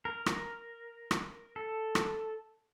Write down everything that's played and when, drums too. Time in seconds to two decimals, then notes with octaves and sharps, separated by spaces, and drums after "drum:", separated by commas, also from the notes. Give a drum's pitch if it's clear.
0.05 A#4
0.26 drum: rim click
1.11 drum: rim click
1.56 A4
1.95 drum: rim click